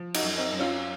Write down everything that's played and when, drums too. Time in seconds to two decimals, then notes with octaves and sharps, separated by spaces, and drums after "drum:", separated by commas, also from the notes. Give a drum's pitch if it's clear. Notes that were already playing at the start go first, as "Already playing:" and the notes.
Already playing: F3
0.14 D#4 F#4, drum: cymbal
0.22 F#2
0.37 C4 D#4
0.52 F#2
0.60 C#4 F4